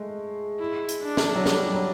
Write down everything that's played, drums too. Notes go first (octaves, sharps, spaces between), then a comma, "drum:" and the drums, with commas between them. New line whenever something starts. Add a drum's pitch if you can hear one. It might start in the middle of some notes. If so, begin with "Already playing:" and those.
Already playing: G#3 A3
E4
drum: hi-hat
D4
drum: snare
F#3
G3, drum: snare
G3
F#3